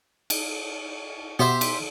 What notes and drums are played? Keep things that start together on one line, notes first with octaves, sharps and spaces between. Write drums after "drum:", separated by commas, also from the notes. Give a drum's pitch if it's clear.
drum: cymbal
B2 G4 C5 E5
drum: cymbal